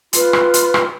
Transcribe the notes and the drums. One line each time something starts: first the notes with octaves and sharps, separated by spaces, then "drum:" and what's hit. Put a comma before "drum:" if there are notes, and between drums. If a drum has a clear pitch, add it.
F4 B4 C6, drum: hi-hat
drum: rim click
drum: hi-hat
drum: rim click